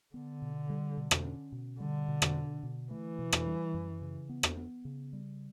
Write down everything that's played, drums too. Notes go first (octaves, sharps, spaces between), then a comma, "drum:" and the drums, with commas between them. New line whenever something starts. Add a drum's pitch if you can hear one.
D3 B3
B2
G3
B2
drum: rim click
C#4
B2
D3 G3
B2
drum: rim click
D4
B2
E3 A3
B2
drum: rim click
G3
F#2
C#3
B3
drum: rim click
B3
C#3
G3